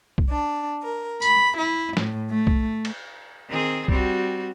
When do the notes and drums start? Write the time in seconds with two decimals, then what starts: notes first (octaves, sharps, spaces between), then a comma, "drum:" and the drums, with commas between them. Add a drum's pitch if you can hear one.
0.18 drum: kick B1
0.30 D4
0.82 A#4
1.22 B5, drum: tambourine
1.57 E4
1.97 A2, drum: snare
2.30 A3
2.47 drum: kick B1
2.85 drum: cymbal
3.49 D#3 C4 G#4
3.88 G3 C4 F#4, drum: kick B1